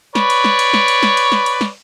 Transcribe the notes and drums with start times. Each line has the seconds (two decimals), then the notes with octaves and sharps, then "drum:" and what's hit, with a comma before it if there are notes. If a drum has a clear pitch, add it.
0.15 B4 C#5 D5, drum: snare
0.30 drum: cymbal
0.44 drum: snare
0.59 drum: cymbal
0.74 drum: snare
0.88 drum: cymbal
1.03 drum: snare
1.17 drum: cymbal
1.32 drum: snare
1.46 drum: cymbal
1.61 drum: snare